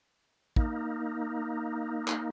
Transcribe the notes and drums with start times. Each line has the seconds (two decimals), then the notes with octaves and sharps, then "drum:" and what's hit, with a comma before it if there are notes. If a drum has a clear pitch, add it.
0.56 A#3 D#4, drum: kick
2.08 drum: clap